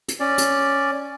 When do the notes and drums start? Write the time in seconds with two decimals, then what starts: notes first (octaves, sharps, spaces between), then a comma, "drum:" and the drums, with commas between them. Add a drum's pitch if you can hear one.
0.08 drum: hi-hat
0.20 C#4 D5
0.38 drum: hi-hat